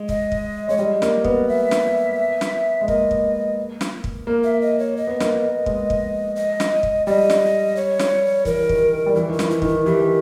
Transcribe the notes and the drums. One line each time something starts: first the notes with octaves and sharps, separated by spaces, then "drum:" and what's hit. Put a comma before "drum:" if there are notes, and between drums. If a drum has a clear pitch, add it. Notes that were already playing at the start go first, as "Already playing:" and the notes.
Already playing: G#3
D#5, drum: kick
drum: kick
G#3 C#5
G3 D#5
A#3, drum: snare
B3, drum: kick
E5
drum: snare
drum: snare
G#3
A#3 D#5, drum: kick
drum: kick
drum: snare
drum: kick
A#3
E5
D#5
C#5
D#5
B3
A#3, drum: snare
A#3
G#3, drum: kick
drum: kick
D#5
drum: snare
drum: kick
G3 D#5
drum: snare
C#5
drum: snare
E3 A#4, drum: kick
D#3, drum: kick
D#3
G3
E3 E4
D#3 E4
E3, drum: snare
E4
D#3 D#4, drum: kick
E4
E3 G4
D#3